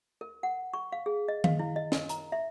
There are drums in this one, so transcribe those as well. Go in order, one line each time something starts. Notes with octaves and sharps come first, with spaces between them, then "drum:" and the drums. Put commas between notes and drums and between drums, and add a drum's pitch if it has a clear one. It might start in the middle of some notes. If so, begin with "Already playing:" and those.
A#4
F#5
C#6
F5
G#4
D#5
F5, drum: tom D#3
E4
D#5
A#4, drum: snare
A#5, drum: hi-hat
E5